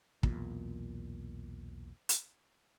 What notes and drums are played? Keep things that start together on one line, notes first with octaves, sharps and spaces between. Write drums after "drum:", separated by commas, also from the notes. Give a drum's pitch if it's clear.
B1 E2 A#2, drum: kick
drum: hi-hat